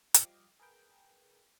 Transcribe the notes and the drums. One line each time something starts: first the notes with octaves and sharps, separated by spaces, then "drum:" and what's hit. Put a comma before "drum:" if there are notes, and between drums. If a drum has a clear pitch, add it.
F3 G3 G4 D#5 F5 D6, drum: hi-hat
G#4 A#4 B4 G5